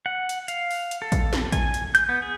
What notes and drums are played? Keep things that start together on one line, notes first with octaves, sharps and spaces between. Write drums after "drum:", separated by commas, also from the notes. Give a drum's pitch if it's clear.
F#5
drum: hi-hat
F5, drum: hi-hat
drum: open hi-hat
drum: hi-hat
A4
drum: kick A1, hi-hat
drum: snare
G#5, drum: kick A1, hi-hat
drum: hi-hat
G6, drum: hi-hat
B3
G#4